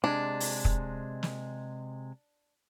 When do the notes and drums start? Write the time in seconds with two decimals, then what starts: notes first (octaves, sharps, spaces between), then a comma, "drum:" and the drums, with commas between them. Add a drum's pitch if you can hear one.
0.04 C3 G#3 D4
0.40 drum: open hi-hat
0.65 drum: kick
1.23 drum: snare